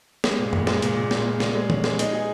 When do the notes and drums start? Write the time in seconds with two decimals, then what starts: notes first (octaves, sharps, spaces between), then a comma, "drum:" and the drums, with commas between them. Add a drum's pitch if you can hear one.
0.24 G#3, drum: snare
0.39 A#2
0.53 A#2, drum: tom F#2
0.67 G#3, drum: snare
0.82 A#2, drum: hi-hat
0.96 A#2
1.11 A#2, drum: snare
1.26 A#2
1.40 A#2, drum: snare
1.55 G#3
1.70 C#4, drum: tom E3
1.84 G#3, drum: snare
1.99 D#4, drum: hi-hat
2.13 G#4